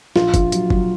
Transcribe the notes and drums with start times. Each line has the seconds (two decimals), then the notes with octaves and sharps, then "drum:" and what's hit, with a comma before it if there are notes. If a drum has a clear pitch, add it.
0.16 A#1 F4, drum: snare
0.34 A#1, drum: kick, hi-hat
0.52 F#3, drum: hi-hat
0.70 F#3, drum: kick